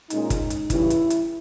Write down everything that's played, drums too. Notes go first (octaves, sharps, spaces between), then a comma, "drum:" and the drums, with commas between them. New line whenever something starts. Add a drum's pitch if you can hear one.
A#2 G#3 C#4 D#4, drum: hi-hat
drum: kick, hi-hat
drum: hi-hat
C#3 E3 G3 E4, drum: kick, hi-hat
drum: hi-hat
drum: hi-hat